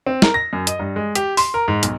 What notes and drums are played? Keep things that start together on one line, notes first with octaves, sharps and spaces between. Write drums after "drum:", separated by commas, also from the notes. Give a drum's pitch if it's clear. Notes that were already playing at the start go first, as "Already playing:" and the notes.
C4
A#4, drum: snare
A#6
F#2
D#5, drum: hi-hat
G2
G#3
G4, drum: hi-hat
C6, drum: open hi-hat
A#4
G#2
B1, drum: hi-hat